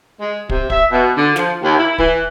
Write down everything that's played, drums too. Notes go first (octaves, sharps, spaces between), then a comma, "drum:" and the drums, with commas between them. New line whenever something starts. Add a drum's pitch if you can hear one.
G#3
C3, drum: kick
E5, drum: kick
B2
D3
F3, drum: snare
D#2
E4
E3, drum: kick